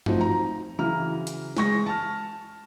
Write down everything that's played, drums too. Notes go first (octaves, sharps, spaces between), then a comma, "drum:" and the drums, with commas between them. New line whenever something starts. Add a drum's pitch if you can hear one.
F3 F#3 A3 C4 D#4, drum: tom G2
A#5
C#3 E3 F#3 A#5 F6
drum: hi-hat
G#3 C#6 A#6, drum: snare
A5 F6